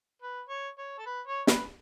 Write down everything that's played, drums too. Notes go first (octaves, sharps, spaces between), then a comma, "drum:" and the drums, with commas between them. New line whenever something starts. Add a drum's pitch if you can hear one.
B4
C#5
C#5
A4
B4
C#5
B4, drum: snare